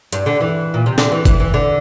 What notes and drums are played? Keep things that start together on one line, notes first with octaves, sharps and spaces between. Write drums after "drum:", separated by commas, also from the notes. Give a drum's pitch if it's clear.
G2, drum: hi-hat
D3
E3
A#2
C3
D3, drum: snare
E3
E3, drum: kick, hi-hat
E3
D3